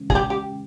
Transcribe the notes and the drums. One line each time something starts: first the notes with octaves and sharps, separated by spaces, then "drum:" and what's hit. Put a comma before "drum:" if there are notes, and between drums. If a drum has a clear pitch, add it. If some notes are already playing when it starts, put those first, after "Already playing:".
Already playing: C#3 E3 G#3 C#4
G#4, drum: kick
G4
G4